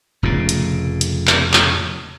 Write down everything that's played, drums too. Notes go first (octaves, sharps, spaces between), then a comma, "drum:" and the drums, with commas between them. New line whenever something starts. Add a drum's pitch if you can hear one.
F1 A#2 C#3
drum: hi-hat
drum: hi-hat
drum: clap
drum: clap